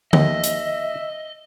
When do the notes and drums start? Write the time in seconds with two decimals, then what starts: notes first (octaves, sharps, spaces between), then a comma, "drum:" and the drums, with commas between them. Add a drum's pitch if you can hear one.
0.13 D#2 D#5 E5, drum: tom D3
0.44 drum: hi-hat